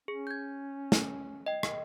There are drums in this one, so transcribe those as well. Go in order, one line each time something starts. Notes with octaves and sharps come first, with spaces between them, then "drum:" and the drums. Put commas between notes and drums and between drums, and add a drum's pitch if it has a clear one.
C#4 G#4
G6 G#6
drum: snare
D#5 G5
drum: rim click